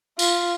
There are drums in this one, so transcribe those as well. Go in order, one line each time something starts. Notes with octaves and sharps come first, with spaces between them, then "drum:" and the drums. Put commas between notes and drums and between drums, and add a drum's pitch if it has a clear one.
F4, drum: tambourine